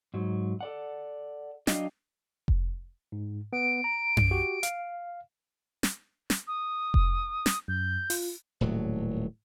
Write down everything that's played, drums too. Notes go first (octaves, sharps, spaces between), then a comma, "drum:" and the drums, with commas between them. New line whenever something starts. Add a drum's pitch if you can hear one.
G#2 F#3
A4 D5 F#5
F#3 D4 D#5 F5 G5, drum: snare
drum: kick F1
G#2
B3 D7
A#5
drum: tom F#2
F#4 G4
F5, drum: hi-hat
drum: snare
drum: snare
D#6
drum: kick F1
drum: snare
F#2 G6
F4, drum: open hi-hat
D#1 A2 F#3